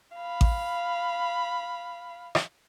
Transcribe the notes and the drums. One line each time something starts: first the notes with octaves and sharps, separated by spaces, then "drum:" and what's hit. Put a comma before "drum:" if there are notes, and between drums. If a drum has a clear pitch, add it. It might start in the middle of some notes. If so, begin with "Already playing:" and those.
F5 B5
drum: kick A1
drum: rim click